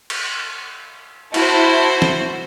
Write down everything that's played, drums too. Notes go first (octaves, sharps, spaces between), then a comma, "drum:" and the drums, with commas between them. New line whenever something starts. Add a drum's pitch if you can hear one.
drum: cymbal
E4 F#4 C5 A5, drum: cymbal
drum: snare